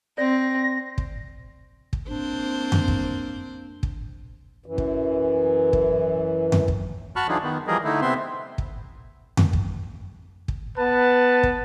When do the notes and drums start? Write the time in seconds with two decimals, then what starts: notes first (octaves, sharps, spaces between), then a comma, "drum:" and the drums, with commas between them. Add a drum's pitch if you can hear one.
0.18 C4 D5 A#6
0.98 drum: kick
1.93 drum: kick
2.09 A#3 C4 D4 C5
2.72 drum: tom F2
2.88 drum: kick
3.83 drum: kick
4.66 F#2 E3
4.78 drum: kick
5.73 drum: kick
6.52 drum: tom F2
6.68 drum: kick
7.16 F#4 A5 B5 C#6 F6 F#6
7.29 E3 F#3 D4 D#4 F4 G#4
7.43 D#3 B3
7.67 E3 F3 G3 G#4 A#4 D#5
7.84 D3 A3 D#4 E4
8.02 C3 B3 C4 E5 C6
8.58 drum: kick
9.37 drum: tom F2
9.53 drum: kick
10.48 drum: kick
10.78 B3 B4 A5
11.43 drum: kick